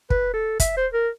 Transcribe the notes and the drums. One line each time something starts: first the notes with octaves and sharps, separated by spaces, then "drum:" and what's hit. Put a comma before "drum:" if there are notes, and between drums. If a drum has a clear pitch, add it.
B4, drum: kick
A4
E5, drum: kick, hi-hat
C5
A#4